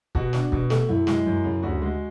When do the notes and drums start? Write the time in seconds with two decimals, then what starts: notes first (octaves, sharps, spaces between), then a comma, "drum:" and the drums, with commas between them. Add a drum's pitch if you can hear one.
0.15 B2 F#4, drum: kick
0.33 D4, drum: snare
0.52 B2, drum: kick
0.70 A3, drum: snare
0.89 F#2 E4
1.07 G#3, drum: snare
1.26 F#2
1.44 C#3
1.62 D2 F#4
1.82 G#3